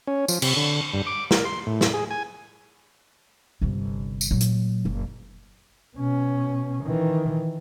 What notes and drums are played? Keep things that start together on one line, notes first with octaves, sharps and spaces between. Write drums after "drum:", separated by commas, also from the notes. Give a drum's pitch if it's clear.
C#4
F3, drum: tambourine
C3, drum: cymbal
D3
G2
D6
A#4, drum: snare
C6
A2
drum: snare
G#4
G#5
G1 C3
drum: tambourine
A#2 F#3
drum: hi-hat
F#1
B2 C#4
D#3 E3